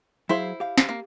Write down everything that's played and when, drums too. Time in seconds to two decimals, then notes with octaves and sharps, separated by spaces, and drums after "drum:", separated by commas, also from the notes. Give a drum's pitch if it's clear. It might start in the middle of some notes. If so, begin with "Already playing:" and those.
0.29 F#3 E4 G#4 C5 F5
0.60 G4 F5
0.78 drum: snare
0.89 A#3